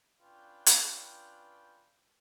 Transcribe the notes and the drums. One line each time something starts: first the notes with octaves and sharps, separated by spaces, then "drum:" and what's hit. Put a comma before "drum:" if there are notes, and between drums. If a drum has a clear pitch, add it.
C#4 D4 F4 B4 G5
drum: hi-hat